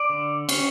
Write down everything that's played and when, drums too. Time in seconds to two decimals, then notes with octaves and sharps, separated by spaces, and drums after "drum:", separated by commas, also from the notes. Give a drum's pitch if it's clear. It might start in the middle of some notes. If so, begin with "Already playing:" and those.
Already playing: D5
0.10 D3
0.49 C#4, drum: cymbal